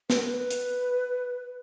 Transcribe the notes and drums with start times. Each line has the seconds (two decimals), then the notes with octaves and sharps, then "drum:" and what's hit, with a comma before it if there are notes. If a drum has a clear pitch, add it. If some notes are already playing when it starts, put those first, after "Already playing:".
0.10 B4, drum: snare
0.18 A#4
0.27 B4
0.51 drum: hi-hat